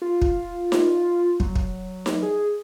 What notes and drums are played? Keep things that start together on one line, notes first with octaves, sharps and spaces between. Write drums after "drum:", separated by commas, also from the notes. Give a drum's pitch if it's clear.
F4
drum: kick
drum: snare D#4
F#3, drum: kick
drum: kick
drum: snare D#4
G#4